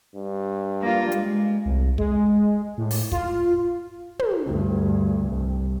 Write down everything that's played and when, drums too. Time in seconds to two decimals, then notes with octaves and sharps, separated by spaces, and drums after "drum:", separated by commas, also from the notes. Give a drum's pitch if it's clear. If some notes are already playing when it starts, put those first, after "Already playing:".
0.16 G2
0.82 A#3 F4
1.12 G#3, drum: hi-hat
1.65 C2
1.98 G#3, drum: kick
2.78 A2
2.91 drum: open hi-hat
3.12 F4, drum: kick
4.19 drum: tom
4.46 D2 G2
5.27 C2